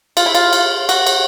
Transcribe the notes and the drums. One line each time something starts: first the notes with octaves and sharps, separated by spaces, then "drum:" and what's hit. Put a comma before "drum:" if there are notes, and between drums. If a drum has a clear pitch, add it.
F4, drum: cymbal
E4
F4, drum: cymbal
drum: cymbal
F#4, drum: cymbal
drum: cymbal